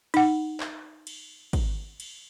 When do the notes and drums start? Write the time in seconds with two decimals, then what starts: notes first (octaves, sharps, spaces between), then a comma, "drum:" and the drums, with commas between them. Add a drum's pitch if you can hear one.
0.14 D#4 F#5, drum: cymbal
0.60 drum: clap
1.07 drum: cymbal
1.53 drum: kick, cymbal
2.00 drum: cymbal